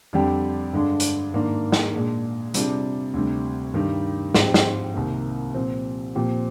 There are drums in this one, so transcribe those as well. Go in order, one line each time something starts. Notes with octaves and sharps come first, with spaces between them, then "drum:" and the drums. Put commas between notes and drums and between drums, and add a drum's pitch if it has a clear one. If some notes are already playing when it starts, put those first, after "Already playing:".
F2 D3 G3 D4 G4
G2 D3 G#3 D4
drum: hi-hat
G#2 D#3 A#3 D4
drum: snare
A#2 G#3 D4 G#4
C3 G3 D4 F4 G#4, drum: hi-hat
D2 C3 G3
G2 D#3 G3
G#2 F3 C4 G4, drum: snare
drum: snare
C2 C3 D#3 A#3
A#2 F3 C4
A#2 F3 C4 G4